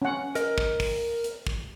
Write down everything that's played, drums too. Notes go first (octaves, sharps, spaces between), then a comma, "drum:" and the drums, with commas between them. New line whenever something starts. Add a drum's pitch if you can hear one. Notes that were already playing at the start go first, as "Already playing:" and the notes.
C#4 F#5
A#4 D#5, drum: hi-hat
drum: kick
drum: kick, open hi-hat
drum: hi-hat
drum: kick